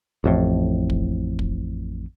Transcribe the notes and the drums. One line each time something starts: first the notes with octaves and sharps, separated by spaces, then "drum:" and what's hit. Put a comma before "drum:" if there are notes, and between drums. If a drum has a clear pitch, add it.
A1 F2 A2
drum: kick
drum: kick